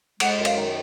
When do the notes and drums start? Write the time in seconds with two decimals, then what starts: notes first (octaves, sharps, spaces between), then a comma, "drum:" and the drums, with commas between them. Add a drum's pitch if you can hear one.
0.20 G#3 F#5, drum: cymbal
0.39 F#2
0.45 F5, drum: cymbal
0.57 D#3